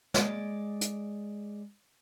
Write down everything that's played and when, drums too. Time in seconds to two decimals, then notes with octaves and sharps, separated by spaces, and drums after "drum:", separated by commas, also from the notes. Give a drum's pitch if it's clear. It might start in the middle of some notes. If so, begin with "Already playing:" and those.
0.14 G#3 D5, drum: snare
0.81 drum: hi-hat